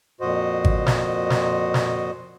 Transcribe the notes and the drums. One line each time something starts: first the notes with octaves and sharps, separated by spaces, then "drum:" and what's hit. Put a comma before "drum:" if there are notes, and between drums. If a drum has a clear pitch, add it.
F2 A#2 F#4 C5 D#5
drum: kick G#1
drum: snare
drum: snare
drum: snare